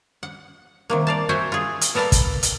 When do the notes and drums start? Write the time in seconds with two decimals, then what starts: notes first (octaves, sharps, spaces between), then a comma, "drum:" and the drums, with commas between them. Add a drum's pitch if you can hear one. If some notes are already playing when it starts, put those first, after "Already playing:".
0.23 F#5
0.90 C3 D#3 A#3
1.07 D5 F5 A5
1.29 F#4 C5 E5 F#5 G#5
1.52 F4 G#4
1.81 drum: hi-hat
1.95 B3 A4 A#4 D5 F5 A5
2.12 drum: kick, hi-hat
2.43 drum: hi-hat